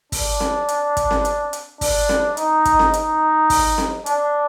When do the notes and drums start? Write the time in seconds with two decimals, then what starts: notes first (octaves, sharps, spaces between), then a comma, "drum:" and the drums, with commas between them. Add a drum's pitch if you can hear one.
0.12 D4, drum: kick, open hi-hat
0.40 drum: snare C4
0.68 drum: hi-hat
0.97 drum: kick, hi-hat
1.11 drum: snare C4
1.25 drum: hi-hat
1.53 drum: hi-hat
1.81 D4, drum: kick, open hi-hat
2.09 drum: snare C4
2.37 D#4, drum: hi-hat
2.65 drum: kick, hi-hat
2.79 drum: snare C4
2.93 D#4, drum: hi-hat
3.50 drum: kick, open hi-hat
3.78 drum: snare C4
4.06 D4, drum: hi-hat